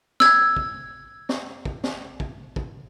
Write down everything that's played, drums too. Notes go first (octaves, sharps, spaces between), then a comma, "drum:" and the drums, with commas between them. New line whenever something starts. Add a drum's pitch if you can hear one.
E6 G#6, drum: snare
drum: kick
drum: snare
drum: kick
drum: snare
drum: kick
drum: kick